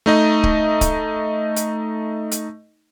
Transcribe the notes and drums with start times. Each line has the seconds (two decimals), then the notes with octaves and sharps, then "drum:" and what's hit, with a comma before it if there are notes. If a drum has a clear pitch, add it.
0.06 A3 D#4 D#5
0.43 drum: kick C#1
0.81 drum: kick C#1, hi-hat
1.56 drum: hi-hat
2.31 drum: hi-hat